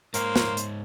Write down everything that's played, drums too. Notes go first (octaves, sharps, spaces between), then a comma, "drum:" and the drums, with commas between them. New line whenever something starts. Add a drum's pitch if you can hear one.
G#2 A#3 C5 C#5, drum: hi-hat
drum: snare
drum: hi-hat